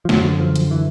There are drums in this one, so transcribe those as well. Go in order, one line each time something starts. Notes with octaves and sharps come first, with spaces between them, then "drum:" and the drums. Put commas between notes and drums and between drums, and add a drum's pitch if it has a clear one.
F3
F#2 D3 F#3, drum: snare
F3
drum: hi-hat
E3